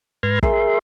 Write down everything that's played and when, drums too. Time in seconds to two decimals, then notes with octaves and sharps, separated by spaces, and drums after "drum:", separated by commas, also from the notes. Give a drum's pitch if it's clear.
0.23 G#2 B4 C6 F6 G#6 A#6
0.43 G#4 A#4 E5 C6, drum: kick